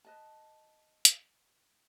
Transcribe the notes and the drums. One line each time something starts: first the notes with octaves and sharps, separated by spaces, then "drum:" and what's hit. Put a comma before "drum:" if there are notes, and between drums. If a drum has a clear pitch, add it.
B4 D#5 A5
drum: hi-hat